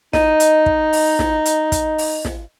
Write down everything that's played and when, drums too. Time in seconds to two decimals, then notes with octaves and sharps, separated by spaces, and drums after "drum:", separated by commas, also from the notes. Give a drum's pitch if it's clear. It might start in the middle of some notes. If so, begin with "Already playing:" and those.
0.13 D#4 D#5, drum: snare
0.40 drum: hi-hat
0.66 drum: kick
0.93 drum: open hi-hat
1.19 drum: snare
1.45 drum: hi-hat
1.72 drum: kick, hi-hat
1.98 drum: open hi-hat
2.25 drum: snare